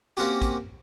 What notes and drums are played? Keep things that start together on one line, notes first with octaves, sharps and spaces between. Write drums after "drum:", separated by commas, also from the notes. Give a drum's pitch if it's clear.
A#3 C4 C#4 F#4 G4, drum: hi-hat
drum: kick A1, hi-hat